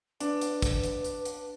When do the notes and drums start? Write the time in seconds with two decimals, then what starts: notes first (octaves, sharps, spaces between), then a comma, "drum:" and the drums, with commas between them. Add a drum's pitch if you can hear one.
0.20 D4 B4, drum: hi-hat
0.41 drum: hi-hat
0.62 drum: kick, hi-hat
0.83 drum: hi-hat
1.04 drum: hi-hat
1.25 drum: hi-hat